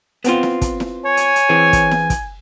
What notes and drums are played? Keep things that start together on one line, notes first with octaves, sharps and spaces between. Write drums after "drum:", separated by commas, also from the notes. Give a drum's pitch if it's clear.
B3 C4 F4, drum: hi-hat
drum: snare E4
drum: kick, hi-hat
drum: snare E4
C#5 G#5
drum: hi-hat
drum: hi-hat
E3 C4 G#4
drum: kick, hi-hat
drum: snare E4
drum: kick, hi-hat